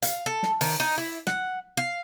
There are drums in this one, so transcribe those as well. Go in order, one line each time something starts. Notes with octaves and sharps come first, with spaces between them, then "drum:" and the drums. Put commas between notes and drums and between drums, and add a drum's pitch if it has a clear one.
F5, drum: hi-hat
A4
drum: snare
D#3, drum: open hi-hat
D#4
E4
F#5, drum: snare
F5